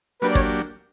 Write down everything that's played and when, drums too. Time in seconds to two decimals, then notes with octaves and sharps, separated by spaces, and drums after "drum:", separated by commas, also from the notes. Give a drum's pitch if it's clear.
0.21 F#3 A#3 D4 G4 B4
0.30 D5
0.35 C#5, drum: kick